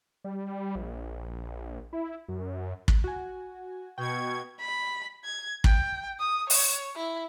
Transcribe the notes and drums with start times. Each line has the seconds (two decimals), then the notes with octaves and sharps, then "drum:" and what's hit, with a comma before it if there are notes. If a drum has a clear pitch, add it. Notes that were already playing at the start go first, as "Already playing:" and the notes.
0.24 G3
0.76 A#1
1.93 E4
2.29 F#2
2.88 drum: kick
3.04 F#4 G#5
3.98 B2 G5 C#6 G#6
4.60 B5
5.24 G#6
5.64 G5, drum: kick
6.19 D#6
6.50 C#5, drum: open hi-hat
6.96 E4